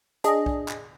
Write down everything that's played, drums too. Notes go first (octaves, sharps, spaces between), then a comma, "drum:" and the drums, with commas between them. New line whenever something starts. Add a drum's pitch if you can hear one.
D4 G#4 D#5, drum: hi-hat
drum: kick B1
drum: clap